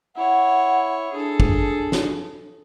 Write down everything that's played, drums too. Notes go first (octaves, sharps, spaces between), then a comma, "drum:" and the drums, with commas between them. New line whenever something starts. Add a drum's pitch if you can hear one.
E4 C#5 F#5
D4 G#4 A4
drum: kick
drum: snare